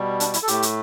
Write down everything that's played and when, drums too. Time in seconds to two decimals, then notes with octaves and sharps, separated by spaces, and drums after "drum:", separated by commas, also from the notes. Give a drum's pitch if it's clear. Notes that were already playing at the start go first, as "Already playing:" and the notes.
Already playing: B2 G3
0.20 D4, drum: hi-hat
0.34 E4, drum: hi-hat
0.43 A4
0.48 A2 A3 G4, drum: hi-hat
0.62 drum: hi-hat